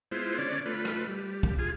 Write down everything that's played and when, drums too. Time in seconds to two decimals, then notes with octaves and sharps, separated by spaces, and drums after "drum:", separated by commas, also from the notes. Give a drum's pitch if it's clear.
0.12 G#3 B3 E4 F4 C5
0.38 D3 C#4 D5
0.66 A3 F4 B4
0.85 drum: rim click
1.07 G3
1.43 drum: kick
1.59 F4 G#4